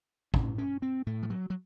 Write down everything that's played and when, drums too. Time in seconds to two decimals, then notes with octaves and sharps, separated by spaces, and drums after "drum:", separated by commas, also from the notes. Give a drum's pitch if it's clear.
0.34 A2 C#4, drum: kick
0.58 C#4
0.82 C4
1.06 A2 A3
1.23 F3
1.30 F#3
1.50 F#3